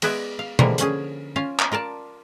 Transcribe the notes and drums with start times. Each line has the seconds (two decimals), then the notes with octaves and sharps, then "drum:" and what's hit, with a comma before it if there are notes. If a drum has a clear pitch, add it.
0.02 G#3 B3 G#4 B4 D5 E5, drum: cymbal
0.39 F5
0.59 D3 E3 F3 G3 G#3 A#3, drum: tom B2
0.78 D3 C#4 G#4, drum: hi-hat
1.36 C#4 F4 F5
1.60 drum: clap
1.72 F4 A#4 D5 A5